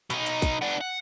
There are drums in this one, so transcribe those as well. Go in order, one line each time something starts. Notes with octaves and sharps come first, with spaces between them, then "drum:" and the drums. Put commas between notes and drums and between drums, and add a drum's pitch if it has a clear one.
B2 D#4, drum: hi-hat
drum: hi-hat
drum: kick, hi-hat
B3 D4
F#5